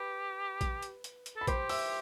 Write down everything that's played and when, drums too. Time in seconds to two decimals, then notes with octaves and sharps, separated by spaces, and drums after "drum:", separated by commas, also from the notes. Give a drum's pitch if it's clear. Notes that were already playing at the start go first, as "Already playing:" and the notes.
Already playing: G4 B4 B5
0.61 drum: kick, hi-hat
0.82 drum: hi-hat
1.04 drum: hi-hat
1.26 drum: hi-hat
1.36 A4 B5
1.47 G4 C5 C6, drum: kick, hi-hat
1.69 E5 E6, drum: open hi-hat